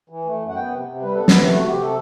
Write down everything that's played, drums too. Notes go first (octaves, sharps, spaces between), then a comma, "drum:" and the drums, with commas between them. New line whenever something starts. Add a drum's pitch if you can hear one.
E3
A3
F#2
F#5
B3 G5
C3
C3
G3 B4
B3 A4
B4, drum: snare
C3
A3
F#4
C3 G4
C3 A4